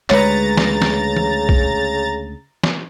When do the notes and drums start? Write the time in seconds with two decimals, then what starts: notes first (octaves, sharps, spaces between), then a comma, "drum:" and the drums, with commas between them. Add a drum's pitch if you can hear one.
0.10 D2 C#3 G#3 B4 C#5 A#5 A6, drum: clap
0.57 drum: snare
0.82 drum: snare
1.16 drum: tom E3
1.49 drum: kick
2.64 drum: snare